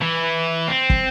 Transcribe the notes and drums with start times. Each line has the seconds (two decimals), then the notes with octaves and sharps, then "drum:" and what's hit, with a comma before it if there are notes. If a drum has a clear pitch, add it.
0.01 E3
0.68 C4
0.90 drum: kick